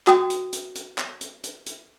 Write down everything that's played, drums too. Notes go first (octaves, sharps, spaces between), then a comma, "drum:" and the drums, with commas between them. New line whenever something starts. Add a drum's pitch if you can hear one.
F#4 G5 D#6, drum: clap
drum: hi-hat
drum: hi-hat
drum: hi-hat
drum: clap
drum: hi-hat
drum: hi-hat
drum: hi-hat